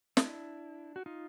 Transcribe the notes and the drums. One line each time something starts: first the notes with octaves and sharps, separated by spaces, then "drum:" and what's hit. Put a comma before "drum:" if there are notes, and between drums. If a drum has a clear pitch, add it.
D4 E4, drum: snare
F#4
D#4 F4